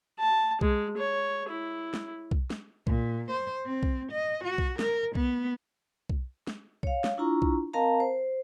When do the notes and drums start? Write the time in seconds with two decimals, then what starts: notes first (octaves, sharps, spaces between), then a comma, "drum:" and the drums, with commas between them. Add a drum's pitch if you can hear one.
0.19 A5
0.61 G#3, drum: kick B1
0.98 C#5
1.49 E4
1.94 drum: snare
2.31 drum: kick B1
2.50 drum: snare
2.87 A#2, drum: kick B1
3.31 C5
3.66 C4
3.83 drum: kick B1
4.12 D#5
4.44 F#4
4.58 drum: kick B1
4.79 A#4, drum: snare
5.15 B3, drum: kick B1
6.09 drum: kick B1
6.47 drum: snare
6.83 C#5 F5, drum: kick B1
7.04 drum: snare
7.18 D4 E4 F4 A#5 C#6
7.42 drum: kick B1
7.73 C4 A#4 D#5 F5 A5 A#5
8.00 C5